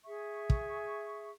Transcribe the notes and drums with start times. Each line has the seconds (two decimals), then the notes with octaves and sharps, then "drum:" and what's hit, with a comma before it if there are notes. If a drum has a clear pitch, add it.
0.04 G#4 E5 C#6
0.50 drum: kick